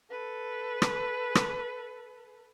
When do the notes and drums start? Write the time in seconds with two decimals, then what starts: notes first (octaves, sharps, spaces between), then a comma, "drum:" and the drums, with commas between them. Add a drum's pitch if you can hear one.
0.10 A4 B4
0.82 drum: rim click
1.35 drum: rim click